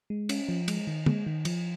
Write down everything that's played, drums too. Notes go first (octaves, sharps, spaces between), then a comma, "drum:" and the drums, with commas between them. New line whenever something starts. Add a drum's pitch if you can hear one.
G#3
C#4, drum: cymbal
F3
G#3, drum: cymbal
D#3
G#3, drum: tom
D#3
F3, drum: cymbal